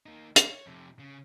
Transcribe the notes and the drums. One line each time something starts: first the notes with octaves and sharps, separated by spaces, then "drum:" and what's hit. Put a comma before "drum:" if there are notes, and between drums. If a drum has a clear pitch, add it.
A#3 D#4
G#3 A#3, drum: hi-hat
C#5
F2 C3
C#3